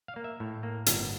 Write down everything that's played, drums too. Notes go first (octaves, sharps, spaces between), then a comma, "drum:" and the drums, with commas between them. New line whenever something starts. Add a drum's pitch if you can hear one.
F5
A#3
E5
A2
A#3
G1, drum: hi-hat